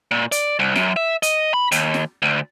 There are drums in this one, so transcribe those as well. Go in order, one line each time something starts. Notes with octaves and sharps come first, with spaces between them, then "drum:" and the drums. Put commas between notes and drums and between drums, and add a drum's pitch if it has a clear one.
A#2
D5, drum: hi-hat
C2
F#2, drum: snare
E5
D#5, drum: hi-hat
B5
D#2, drum: hi-hat
drum: snare
D2